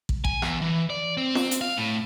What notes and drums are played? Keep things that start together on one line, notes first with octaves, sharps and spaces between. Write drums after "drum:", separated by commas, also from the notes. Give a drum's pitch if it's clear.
drum: kick
G#5, drum: kick
E2, drum: rim click
E3
D5
C4
drum: snare
drum: hi-hat
F5
A2